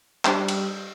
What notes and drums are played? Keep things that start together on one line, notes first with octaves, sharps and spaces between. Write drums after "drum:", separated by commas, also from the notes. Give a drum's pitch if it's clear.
G3 D4 G4 C5, drum: clap
drum: cymbal